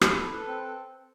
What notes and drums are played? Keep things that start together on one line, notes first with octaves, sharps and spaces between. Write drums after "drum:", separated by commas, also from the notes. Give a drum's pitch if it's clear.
E4 C5, drum: rim click
A4
A4 B4
C4
A4